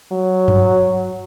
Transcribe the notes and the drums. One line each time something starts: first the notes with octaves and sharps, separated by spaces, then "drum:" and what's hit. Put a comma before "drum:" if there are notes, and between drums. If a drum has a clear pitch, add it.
F#3
drum: tom F#2